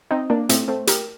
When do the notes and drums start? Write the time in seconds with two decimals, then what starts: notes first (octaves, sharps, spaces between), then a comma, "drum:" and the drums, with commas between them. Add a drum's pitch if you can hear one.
0.11 C4 D#4
0.30 A#3 D4
0.49 A2 A3 C4, drum: hi-hat
0.68 A3 C4
0.87 G4 A#4, drum: hi-hat